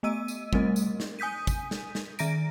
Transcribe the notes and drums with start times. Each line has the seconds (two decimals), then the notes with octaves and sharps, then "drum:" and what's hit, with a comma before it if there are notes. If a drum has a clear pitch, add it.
0.03 A3 B3 D#5 E6 D#7
0.28 drum: tambourine
0.53 G3 A3 C4 A#4 D#5, drum: kick
0.76 drum: tambourine
1.00 drum: snare
1.19 G#5 D#6 G6 B6 D#7
1.47 drum: kick, tambourine
1.71 drum: snare
1.95 drum: snare
2.19 D#3 E5 A#5 A#6 D7, drum: tambourine